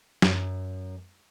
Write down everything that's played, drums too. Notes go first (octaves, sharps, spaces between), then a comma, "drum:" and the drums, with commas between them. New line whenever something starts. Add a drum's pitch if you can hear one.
F#2, drum: snare